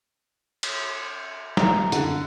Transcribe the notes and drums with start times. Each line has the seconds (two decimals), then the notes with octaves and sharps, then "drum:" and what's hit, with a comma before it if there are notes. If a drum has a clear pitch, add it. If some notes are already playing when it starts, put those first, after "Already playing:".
0.63 drum: cymbal
1.57 A#5, drum: snare
1.92 D3, drum: hi-hat